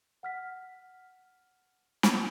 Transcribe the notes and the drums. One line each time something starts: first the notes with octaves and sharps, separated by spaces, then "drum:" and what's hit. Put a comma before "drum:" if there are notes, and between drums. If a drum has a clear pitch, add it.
F#5 F6 B6
drum: snare